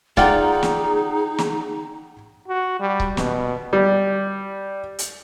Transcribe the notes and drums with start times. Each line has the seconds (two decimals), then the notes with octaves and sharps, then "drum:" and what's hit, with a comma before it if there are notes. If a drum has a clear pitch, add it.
0.17 D#4 F4 G#4 D5 F#5 G5, drum: kick C#1
0.63 drum: snare
1.38 drum: snare
2.48 F#4
2.80 G3
3.00 drum: kick C#1
3.17 B2, drum: snare
3.73 G3
4.99 drum: hi-hat